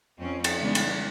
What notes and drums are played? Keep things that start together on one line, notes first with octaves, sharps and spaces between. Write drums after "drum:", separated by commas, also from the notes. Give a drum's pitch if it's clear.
F2 C4 C#4
drum: cymbal
C#3 E3 G3 G#3 B3 D4
drum: cymbal